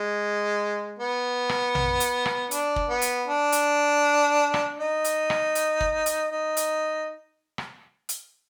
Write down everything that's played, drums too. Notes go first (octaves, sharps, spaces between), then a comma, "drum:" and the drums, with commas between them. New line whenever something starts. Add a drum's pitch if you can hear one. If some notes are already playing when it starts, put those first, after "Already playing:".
Already playing: G#3
B3
drum: rim click
drum: tom A#1
drum: hi-hat
drum: rim click
D4, drum: hi-hat
drum: kick
B3
drum: hi-hat
D4
drum: hi-hat
drum: rim click
D#4
drum: hi-hat
drum: rim click
drum: hi-hat
drum: kick
drum: hi-hat
D#4
drum: hi-hat
drum: rim click
drum: hi-hat